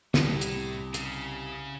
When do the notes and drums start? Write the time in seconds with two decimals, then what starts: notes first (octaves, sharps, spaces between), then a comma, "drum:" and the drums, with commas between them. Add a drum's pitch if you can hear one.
0.14 C2 A2 G3, drum: snare
0.41 drum: hi-hat
0.94 C#3, drum: hi-hat